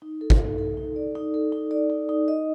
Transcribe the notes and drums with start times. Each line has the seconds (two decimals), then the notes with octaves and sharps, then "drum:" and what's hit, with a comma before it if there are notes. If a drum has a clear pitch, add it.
0.02 D#4
0.21 A4
0.30 drum: kick
0.39 A4
0.58 A4
0.77 D#4
0.96 D5
1.15 D#4
1.34 A4
1.52 D#4
1.71 D5
1.90 D#4
2.09 D#4
2.28 D#5